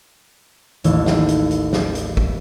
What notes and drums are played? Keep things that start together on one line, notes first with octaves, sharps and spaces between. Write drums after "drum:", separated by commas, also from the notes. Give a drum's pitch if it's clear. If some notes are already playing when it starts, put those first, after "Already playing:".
A1 D#2 E3 C#5 E6, drum: hi-hat
drum: snare
drum: hi-hat
drum: hi-hat
drum: snare
drum: hi-hat
drum: kick